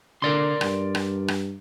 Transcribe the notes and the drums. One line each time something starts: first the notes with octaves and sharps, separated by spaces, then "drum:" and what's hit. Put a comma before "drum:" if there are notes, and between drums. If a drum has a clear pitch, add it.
D3 A#4 D5 C6
G2, drum: rim click
drum: rim click
drum: rim click